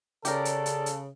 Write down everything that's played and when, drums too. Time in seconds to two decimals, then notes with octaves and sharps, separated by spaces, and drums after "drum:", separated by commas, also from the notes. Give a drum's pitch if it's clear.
0.25 C#3 G4 A4 A#4 D5, drum: hi-hat
0.45 drum: hi-hat
0.66 drum: hi-hat
0.86 drum: hi-hat